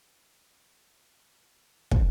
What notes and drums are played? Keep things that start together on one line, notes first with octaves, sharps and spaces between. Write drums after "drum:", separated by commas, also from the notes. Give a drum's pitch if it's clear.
G2
B3
G#2 G3 F#5
D3 F3 A4 C#5
drum: kick